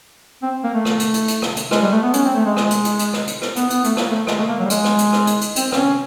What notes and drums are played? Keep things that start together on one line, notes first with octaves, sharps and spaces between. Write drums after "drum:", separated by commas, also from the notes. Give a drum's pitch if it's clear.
C4
A#3
A3
drum: rim click
drum: hi-hat
drum: hi-hat
drum: hi-hat
drum: rim click
drum: hi-hat
G#3, drum: rim click
G3
A3
B3
C#4, drum: hi-hat
C4
A3
G#3
G#3, drum: rim click
drum: hi-hat
drum: hi-hat
drum: hi-hat
drum: rim click
drum: hi-hat
drum: rim click
B3, drum: hi-hat
B3, drum: hi-hat
A3, drum: hi-hat
A#3, drum: rim click
A3
G#3, drum: rim click
A3
A#3
F#3
G3
G#3, drum: hi-hat
drum: rim click
drum: hi-hat
drum: rim click
drum: hi-hat
drum: hi-hat
C4, drum: hi-hat
C4, drum: rim click
C#4